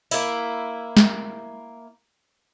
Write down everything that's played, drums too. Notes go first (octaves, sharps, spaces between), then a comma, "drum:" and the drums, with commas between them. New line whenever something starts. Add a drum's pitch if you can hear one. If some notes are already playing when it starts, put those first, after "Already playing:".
A#3 E4, drum: open hi-hat
drum: snare